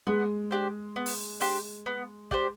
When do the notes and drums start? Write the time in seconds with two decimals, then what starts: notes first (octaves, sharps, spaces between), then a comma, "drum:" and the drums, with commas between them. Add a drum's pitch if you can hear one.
0.07 G#3 B3
0.51 D4 G4 C5
0.96 B3
1.06 drum: open hi-hat
1.40 D4 G4 C5, drum: open hi-hat
1.86 B3
2.31 D4 G4 C5, drum: kick